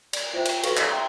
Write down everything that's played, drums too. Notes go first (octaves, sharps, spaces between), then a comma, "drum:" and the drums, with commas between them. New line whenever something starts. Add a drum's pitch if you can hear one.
D5, drum: cymbal
F4 C5 E5 G5
drum: cymbal
F#4 A4 B4 F5 C#6 A#6, drum: cymbal
D5, drum: clap
E5 G5 A#5 C6